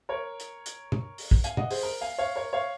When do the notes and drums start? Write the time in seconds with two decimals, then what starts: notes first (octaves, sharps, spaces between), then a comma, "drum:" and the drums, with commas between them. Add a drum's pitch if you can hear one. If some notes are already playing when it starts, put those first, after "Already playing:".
0.09 A#4 C#5
0.40 drum: hi-hat
0.66 drum: hi-hat
0.92 drum: tom
1.18 drum: open hi-hat
1.31 drum: kick
1.44 F5 G#5, drum: hi-hat
1.57 D#5 F#5, drum: tom
1.71 G#4 C5, drum: open hi-hat
1.83 A#4
2.01 F5 G#5
2.18 C#5 F5
2.36 A#4 C#5
2.53 C#5 F5